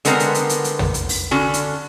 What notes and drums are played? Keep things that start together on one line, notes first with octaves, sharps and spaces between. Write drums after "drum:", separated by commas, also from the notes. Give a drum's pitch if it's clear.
D3 G#3 B3 C4 A#4, drum: hi-hat
drum: hi-hat
drum: hi-hat
drum: hi-hat
drum: hi-hat
drum: tom
drum: hi-hat
drum: open hi-hat
D3 C#4 F#4
drum: hi-hat